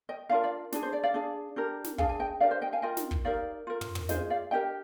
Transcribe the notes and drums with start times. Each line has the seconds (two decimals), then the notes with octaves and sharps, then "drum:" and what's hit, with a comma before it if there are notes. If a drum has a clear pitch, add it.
0.09 D#5 G5
0.29 D4 F4 A#4 D5 F5
0.43 D5 F5
0.72 D4 G#4, drum: snare
0.83 C5
0.93 D5
1.03 D5 F5
1.14 D4 G#4
1.56 D4 G4 A#4
1.84 drum: snare
1.98 D4 G#4 F5 G#5, drum: kick
2.09 G#5
2.19 D#5 G5
2.40 D4 G4 A#4 D5 F5
2.51 C5 D#5
2.62 D#5 G5
2.73 F5 G#5
2.82 F4 A#4 D#5 G5
2.97 drum: snare
3.11 drum: kick
3.25 D#4 G4 A#4 D5 F5
3.67 F4 A#4
3.81 drum: tom
3.95 drum: tom
4.09 F4 G#4 C5 D#5, drum: snare
4.30 D5 F5
4.51 D4 G4 A#4 D#5 G5